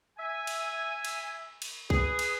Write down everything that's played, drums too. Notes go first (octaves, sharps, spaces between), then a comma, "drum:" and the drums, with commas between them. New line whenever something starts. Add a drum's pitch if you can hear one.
E5 G#5
drum: cymbal
drum: cymbal
drum: cymbal
G#4 B4, drum: kick
drum: cymbal